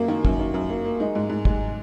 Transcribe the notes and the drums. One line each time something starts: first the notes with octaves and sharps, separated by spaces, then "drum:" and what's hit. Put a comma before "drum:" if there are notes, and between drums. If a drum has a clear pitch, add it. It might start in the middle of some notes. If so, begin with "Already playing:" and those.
Already playing: F#2 A#3
D#3
F#2, drum: kick
D#3
F#2
A#3
A#3
G#3 D#4
G#2
G#2
G#3, drum: kick